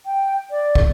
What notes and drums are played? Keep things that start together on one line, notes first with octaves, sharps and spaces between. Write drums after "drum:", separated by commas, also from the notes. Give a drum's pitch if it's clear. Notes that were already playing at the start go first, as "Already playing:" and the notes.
G5
D5
drum: kick